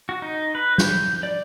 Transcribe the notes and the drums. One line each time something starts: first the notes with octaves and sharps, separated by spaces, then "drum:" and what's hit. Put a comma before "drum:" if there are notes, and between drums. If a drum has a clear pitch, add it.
F#4
D#4
B4
G6, drum: snare
D5